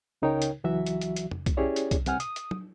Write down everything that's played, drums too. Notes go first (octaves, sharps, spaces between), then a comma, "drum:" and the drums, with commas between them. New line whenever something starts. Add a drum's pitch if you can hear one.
C#2 C#3 D#4 A#4 C#5 G5
drum: hi-hat
C#2 E3 F#3 F#4 E5
drum: hi-hat
drum: hi-hat
drum: hi-hat
drum: tom F2
drum: kick B1, hi-hat
C#4 E4 G4 G#4 C#5 D5
drum: hi-hat
drum: kick B1, hi-hat
C2 C3 F#5 G#5 F6, drum: hi-hat
D#6, drum: hi-hat
drum: hi-hat
drum: tom F#3